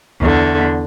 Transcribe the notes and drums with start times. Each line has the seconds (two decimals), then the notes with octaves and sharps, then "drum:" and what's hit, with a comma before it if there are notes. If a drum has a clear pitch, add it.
0.22 E2 D3, drum: kick C#2